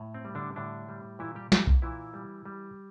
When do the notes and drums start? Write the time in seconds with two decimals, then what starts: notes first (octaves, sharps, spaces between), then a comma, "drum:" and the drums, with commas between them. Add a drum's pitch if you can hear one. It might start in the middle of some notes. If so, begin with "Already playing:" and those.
Already playing: A2
0.14 C4
0.25 G3
0.35 D3 D4
0.56 A2 D3 D4
0.89 G3
1.19 A#2 E3 E4
1.35 G3 G4
1.52 A#2 G3 G4, drum: snare
1.67 drum: kick B1
1.82 A#2 E3 E4
2.14 G3
2.45 G3